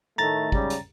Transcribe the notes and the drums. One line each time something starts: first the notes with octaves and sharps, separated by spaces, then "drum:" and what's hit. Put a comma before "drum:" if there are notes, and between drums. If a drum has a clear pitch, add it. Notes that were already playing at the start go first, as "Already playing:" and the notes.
A2 D#3 A3 A#5 A6
G#2 C#3 G3, drum: kick
drum: hi-hat